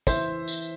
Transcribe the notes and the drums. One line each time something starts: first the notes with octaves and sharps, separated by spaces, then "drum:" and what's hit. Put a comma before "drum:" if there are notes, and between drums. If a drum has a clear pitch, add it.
E3 C5 E5, drum: kick, tambourine
drum: tambourine